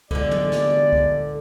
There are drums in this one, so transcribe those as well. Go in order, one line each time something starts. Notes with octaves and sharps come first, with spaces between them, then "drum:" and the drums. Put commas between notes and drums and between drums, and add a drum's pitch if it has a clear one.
G1 E2 D3 G#3 D5, drum: kick
drum: tom
drum: snare
drum: kick